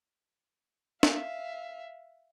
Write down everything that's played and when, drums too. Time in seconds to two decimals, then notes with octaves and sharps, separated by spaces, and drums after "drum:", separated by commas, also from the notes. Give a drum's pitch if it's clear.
1.03 E5 F5, drum: snare